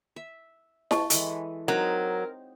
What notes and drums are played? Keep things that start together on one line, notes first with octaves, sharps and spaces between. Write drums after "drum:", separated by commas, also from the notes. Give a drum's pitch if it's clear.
E5
D#5 A5 C#6, drum: snare E4
E3 G#3 A4, drum: hi-hat
F#3 C4 D#4 A#4 C5